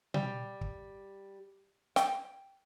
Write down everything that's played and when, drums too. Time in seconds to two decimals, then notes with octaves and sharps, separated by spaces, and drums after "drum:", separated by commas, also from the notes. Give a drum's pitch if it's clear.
0.14 G3, drum: tom B2
0.61 drum: kick
1.96 G5, drum: snare